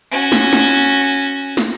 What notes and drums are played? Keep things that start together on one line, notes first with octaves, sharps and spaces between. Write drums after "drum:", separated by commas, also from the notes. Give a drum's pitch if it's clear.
C#4 F#4
drum: snare
drum: snare
drum: snare